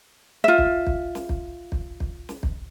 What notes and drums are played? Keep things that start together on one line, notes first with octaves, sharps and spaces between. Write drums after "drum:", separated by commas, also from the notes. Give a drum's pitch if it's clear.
F4 E5
drum: kick
drum: kick
drum: snare
drum: kick
drum: kick
drum: kick
drum: snare
drum: kick